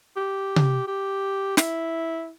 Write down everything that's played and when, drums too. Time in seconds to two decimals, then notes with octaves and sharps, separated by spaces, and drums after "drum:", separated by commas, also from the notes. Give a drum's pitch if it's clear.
0.16 G4
0.56 drum: tom C3
0.87 G4
1.57 E4, drum: snare